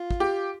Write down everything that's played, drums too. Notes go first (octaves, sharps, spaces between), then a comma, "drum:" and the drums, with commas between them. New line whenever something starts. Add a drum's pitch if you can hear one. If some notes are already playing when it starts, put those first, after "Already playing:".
Already playing: F4
drum: kick
G4